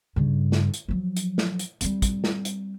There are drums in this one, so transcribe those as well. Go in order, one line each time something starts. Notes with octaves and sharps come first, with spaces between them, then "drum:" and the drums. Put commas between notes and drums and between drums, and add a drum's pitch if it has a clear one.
G2 C#3
drum: snare
drum: hi-hat
F3 F#3
drum: hi-hat
drum: snare
drum: hi-hat
G3 C4, drum: hi-hat
drum: kick, hi-hat
drum: snare
drum: hi-hat